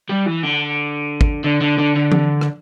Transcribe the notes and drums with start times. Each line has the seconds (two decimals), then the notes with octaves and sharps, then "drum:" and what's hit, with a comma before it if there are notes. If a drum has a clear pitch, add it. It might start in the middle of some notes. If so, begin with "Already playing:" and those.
0.09 G3
0.26 E3
0.43 D3
1.21 drum: kick
1.44 D3
1.61 D3
1.79 D3
1.96 D3
2.12 drum: tom E3
2.41 drum: rim click